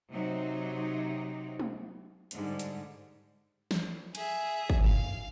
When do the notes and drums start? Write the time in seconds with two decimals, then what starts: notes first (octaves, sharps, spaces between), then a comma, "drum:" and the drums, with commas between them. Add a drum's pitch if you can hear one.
0.10 C3 F#3 C4 D#4
1.59 drum: tom
2.31 G#2 D3 G3, drum: hi-hat
2.59 drum: hi-hat
3.71 drum: snare
4.15 G#4 E5, drum: cymbal
4.70 drum: kick
4.84 F5, drum: tom